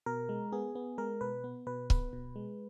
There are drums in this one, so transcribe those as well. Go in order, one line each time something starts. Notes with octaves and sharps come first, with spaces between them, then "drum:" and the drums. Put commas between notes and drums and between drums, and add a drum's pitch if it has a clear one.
B2 A#4
G#3
B3 G#4
B3
G#3 A#4
B2 B4
B3
B2 B4
B3 B4, drum: kick C#1
B2
G#3